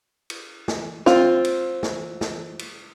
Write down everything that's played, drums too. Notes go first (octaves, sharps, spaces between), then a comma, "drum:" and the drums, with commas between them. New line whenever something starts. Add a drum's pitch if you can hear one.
drum: cymbal
drum: snare
C4 F4, drum: snare
drum: cymbal
drum: snare
drum: snare
drum: cymbal